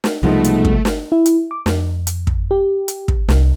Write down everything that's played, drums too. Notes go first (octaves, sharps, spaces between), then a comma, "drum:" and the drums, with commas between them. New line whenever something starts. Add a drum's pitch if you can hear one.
drum: snare
C2 B2 F3 G#3 A3 D#4
drum: hi-hat
drum: kick
drum: snare
E4
drum: hi-hat
D6
F2, drum: snare
drum: hi-hat
drum: kick
G4
drum: hi-hat
drum: kick
C2, drum: snare